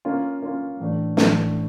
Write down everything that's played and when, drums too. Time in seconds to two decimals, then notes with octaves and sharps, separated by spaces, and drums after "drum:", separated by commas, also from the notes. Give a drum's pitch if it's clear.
0.05 A#3 C#4 F4
0.42 A#3 C#4 F4
0.80 A2 E3 A3 D4
1.17 A2 E3 A3 D4, drum: snare